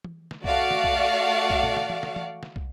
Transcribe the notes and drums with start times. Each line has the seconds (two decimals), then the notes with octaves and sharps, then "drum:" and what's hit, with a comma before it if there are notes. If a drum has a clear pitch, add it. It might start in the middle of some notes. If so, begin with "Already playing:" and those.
0.04 drum: tom E3
0.31 drum: snare
0.44 A3 F#4 D5 F5 F#5, drum: kick
0.71 drum: snare
0.84 drum: kick
1.50 drum: kick
1.63 drum: tom A#2
1.76 drum: snare
1.90 drum: tom E3
2.03 drum: snare
2.16 drum: tom E3
2.43 drum: snare
2.56 drum: kick